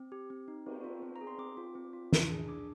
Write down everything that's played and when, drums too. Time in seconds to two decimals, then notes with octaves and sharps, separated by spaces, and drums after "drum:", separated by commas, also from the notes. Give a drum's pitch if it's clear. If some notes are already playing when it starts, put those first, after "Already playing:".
Already playing: C4
0.12 G4
0.30 C4
0.48 D#4
0.66 C4, drum: cymbal
0.84 F4
1.02 C4
1.16 A#5
1.21 G#4
1.27 C6
1.38 C4 D6
1.57 F4
1.75 C4
1.93 F4
2.12 D4, drum: snare
2.30 G#4
2.48 D4 D6